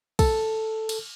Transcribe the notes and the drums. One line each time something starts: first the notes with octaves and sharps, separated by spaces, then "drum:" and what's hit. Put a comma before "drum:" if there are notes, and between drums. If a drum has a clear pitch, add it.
A4, drum: kick, cymbal
drum: cymbal